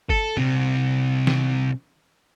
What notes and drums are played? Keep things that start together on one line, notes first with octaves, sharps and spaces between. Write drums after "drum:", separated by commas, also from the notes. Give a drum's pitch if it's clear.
A4, drum: kick
C2 C3, drum: tom
drum: snare